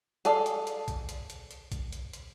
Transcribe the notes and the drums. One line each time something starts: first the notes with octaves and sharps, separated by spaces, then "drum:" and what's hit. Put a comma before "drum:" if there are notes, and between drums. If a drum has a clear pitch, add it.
G#4 A4 D5 F5, drum: hi-hat
drum: hi-hat
drum: hi-hat
drum: kick B1, hi-hat
drum: hi-hat
drum: hi-hat
drum: hi-hat
drum: kick B1, hi-hat
drum: hi-hat
drum: hi-hat